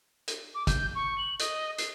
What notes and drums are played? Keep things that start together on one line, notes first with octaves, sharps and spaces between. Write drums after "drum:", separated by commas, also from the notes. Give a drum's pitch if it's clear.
drum: hi-hat
D6
G6, drum: kick, hi-hat
C#6
F#7
D#5, drum: hi-hat
C7, drum: hi-hat